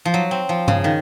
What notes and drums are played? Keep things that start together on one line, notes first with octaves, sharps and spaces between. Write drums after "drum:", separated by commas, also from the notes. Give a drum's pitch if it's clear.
F3
F#3
C4
F3
C#3, drum: tom G2
D#3